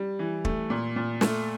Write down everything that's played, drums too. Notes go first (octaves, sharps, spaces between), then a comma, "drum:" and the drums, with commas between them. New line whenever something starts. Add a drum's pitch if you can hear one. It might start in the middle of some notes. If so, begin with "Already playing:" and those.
Already playing: G3
E3
A3, drum: kick
A#2
A#2
A3, drum: snare